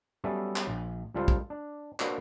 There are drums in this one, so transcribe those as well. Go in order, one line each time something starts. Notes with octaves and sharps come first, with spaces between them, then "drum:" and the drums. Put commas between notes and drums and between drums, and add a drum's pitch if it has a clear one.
F#3 G3 B3 C#4 A4 E5
drum: clap
A#1
C#2 G3 F4 A4 C5
drum: kick
D4
A#3 D4 F#4 B4 C5, drum: clap